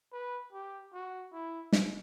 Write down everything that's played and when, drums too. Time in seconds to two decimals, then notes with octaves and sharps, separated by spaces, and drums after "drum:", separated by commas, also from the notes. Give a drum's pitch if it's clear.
0.12 B4
0.52 G4
0.93 F#4
1.32 E4
1.72 drum: snare